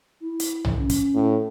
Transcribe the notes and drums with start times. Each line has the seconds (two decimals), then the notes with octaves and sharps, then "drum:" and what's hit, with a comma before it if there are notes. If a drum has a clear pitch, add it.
0.21 E4
0.40 drum: hi-hat
0.65 drum: tom B1
0.78 C#4
0.90 drum: kick, hi-hat
1.14 A2